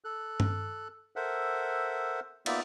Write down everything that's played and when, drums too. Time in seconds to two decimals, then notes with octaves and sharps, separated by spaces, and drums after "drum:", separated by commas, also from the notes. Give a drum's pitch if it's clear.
0.04 A4 F#6
0.40 drum: tom G2
1.16 A4 A#4 C5 E5 F#5
2.46 A#3 B3 D#4 F4 D5 E5, drum: cymbal